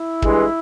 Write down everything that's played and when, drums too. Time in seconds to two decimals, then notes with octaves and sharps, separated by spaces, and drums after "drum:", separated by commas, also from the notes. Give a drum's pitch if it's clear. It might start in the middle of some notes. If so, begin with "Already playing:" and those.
Already playing: E4
0.22 G2 E3 G#3, drum: kick